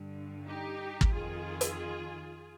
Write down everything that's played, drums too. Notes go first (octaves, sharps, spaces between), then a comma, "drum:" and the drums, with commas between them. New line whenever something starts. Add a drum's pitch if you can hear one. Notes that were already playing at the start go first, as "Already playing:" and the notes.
Already playing: G2 D3
D#4 G4
drum: kick
F2 D#3 F4 G#4
drum: hi-hat